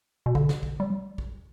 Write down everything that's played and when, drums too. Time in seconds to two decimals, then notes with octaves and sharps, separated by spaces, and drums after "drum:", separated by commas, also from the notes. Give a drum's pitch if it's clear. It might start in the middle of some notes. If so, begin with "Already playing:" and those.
0.26 B2
0.35 D3, drum: kick
0.49 drum: snare
0.63 drum: kick
0.80 G3
1.18 drum: kick